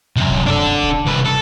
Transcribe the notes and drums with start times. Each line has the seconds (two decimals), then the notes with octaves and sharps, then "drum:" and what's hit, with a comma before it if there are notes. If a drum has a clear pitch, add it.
0.17 F#2 C3
0.30 drum: kick
0.46 D4 A4
0.83 drum: kick
1.06 C2 B4
1.25 A4